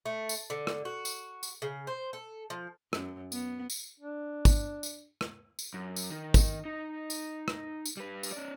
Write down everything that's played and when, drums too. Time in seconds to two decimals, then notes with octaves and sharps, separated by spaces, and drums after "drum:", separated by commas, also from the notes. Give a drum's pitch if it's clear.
0.05 A3
0.29 drum: tambourine
0.50 D3
0.67 drum: rim click
0.85 F#4
1.05 drum: tambourine
1.43 drum: tambourine
1.62 C#3
1.87 C5
2.13 A4
2.50 F3
2.93 F#2, drum: rim click
3.32 B3, drum: tambourine
3.70 drum: tambourine
4.00 D4
4.45 drum: kick, tambourine
4.83 drum: tambourine
5.21 drum: rim click
5.59 drum: tambourine
5.74 F#2
5.96 drum: tambourine
6.10 D#3
6.34 drum: kick, tambourine
6.65 D#4
7.10 drum: tambourine
7.48 drum: rim click
7.86 drum: tambourine
7.97 G3 B4
8.23 drum: tambourine
8.32 C#4 D5